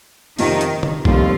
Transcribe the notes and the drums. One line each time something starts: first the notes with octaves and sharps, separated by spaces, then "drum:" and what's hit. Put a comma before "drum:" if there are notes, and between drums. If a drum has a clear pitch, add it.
F2 C3 D#3 F3 D#4, drum: open hi-hat
drum: hi-hat
drum: tom D3
F1 D#2 D#3 F3 G3 F4, drum: kick